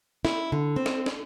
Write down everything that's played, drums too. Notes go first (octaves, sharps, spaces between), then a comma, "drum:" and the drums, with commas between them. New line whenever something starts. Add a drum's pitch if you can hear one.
E4, drum: snare
D3
C4
drum: snare
drum: snare